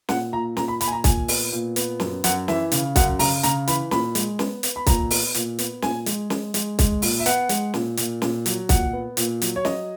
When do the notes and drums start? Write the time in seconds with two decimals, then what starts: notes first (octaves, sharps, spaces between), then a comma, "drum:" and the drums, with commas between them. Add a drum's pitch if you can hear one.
0.09 A#2 F#5, drum: snare
0.32 A#2 A#5
0.57 A#2 A#5, drum: snare
0.68 B5
0.81 A#2 B5, drum: hi-hat
0.88 G#5
0.92 A#5
1.04 A#2 G#5, drum: kick, hi-hat
1.28 B3, drum: open hi-hat
1.52 A#2
1.76 B3, drum: hi-hat
2.00 F#2, drum: snare
2.24 F#2 F#5, drum: hi-hat
2.48 E3 E5, drum: snare
2.72 C#3, drum: hi-hat
2.96 F#2 F#5, drum: kick, hi-hat
3.19 C#3 A#5, drum: open hi-hat
3.43 C#3 A#5, drum: hi-hat
3.68 E3 B5, drum: hi-hat
3.91 A#2 B5, drum: snare
4.15 G#3, drum: hi-hat
4.39 B3, drum: snare
4.63 B3, drum: hi-hat
4.76 B5
4.87 A#2 A#5, drum: kick, hi-hat
5.11 B3, drum: open hi-hat
5.35 A#2, drum: hi-hat
5.59 B3, drum: hi-hat
5.82 A#2 G#5, drum: snare
6.06 G#3, drum: hi-hat
6.30 G#3, drum: snare
6.54 G#3, drum: hi-hat
6.79 G#3, drum: kick, hi-hat
7.02 A#2, drum: open hi-hat
7.20 E5
7.26 B3 F#5, drum: hi-hat
7.49 G#3, drum: hi-hat
7.74 A#2, drum: snare
7.97 A#2, drum: hi-hat
8.22 A#2, drum: snare
8.46 F#3, drum: hi-hat
8.69 A#2 F#5, drum: kick, hi-hat
8.93 B3
9.17 A#2, drum: hi-hat
9.42 F#3, drum: hi-hat
9.56 C#5
9.65 F#3 D#5, drum: snare